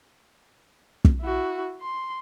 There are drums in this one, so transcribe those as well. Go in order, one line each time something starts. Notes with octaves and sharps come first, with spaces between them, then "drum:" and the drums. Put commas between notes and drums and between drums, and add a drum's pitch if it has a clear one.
drum: kick
E4 F#4
C6